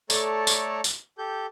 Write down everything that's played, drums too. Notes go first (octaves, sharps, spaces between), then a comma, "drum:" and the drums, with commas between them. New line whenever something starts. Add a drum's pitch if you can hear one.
A3 A4 C#5 D5 A5 A#5, drum: tambourine
drum: tambourine
drum: tambourine
G4 A4 G6